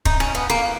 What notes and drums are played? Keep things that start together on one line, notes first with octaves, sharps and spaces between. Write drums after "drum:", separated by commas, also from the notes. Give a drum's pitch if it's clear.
D#4, drum: kick
C#4, drum: rim click
B3
A#3